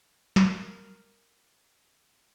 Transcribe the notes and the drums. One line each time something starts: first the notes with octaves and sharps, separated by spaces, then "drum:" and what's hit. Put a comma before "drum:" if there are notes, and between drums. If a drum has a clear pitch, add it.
A#4, drum: snare